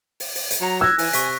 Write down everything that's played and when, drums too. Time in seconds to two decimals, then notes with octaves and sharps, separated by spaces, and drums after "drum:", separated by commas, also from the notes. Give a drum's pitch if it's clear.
0.20 drum: open hi-hat
0.35 drum: open hi-hat
0.51 drum: hi-hat
0.61 F#3 A#5
0.81 E6 F#6 G#6 A#6
0.98 E3 G#5, drum: open hi-hat
1.13 C3 C#6 B6, drum: hi-hat